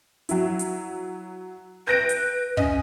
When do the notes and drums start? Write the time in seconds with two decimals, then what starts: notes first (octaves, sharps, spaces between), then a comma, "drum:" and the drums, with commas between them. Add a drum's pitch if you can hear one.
0.29 F#3 E4, drum: hi-hat
0.59 drum: hi-hat
1.87 B4 G6 A#6 D7
2.09 drum: hi-hat
2.57 C#4 D#5, drum: kick